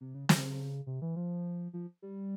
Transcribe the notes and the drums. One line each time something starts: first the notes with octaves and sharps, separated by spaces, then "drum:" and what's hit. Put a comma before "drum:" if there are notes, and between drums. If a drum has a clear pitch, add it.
C3
C#3
C#3, drum: snare
C3
E3
F3
F3
G3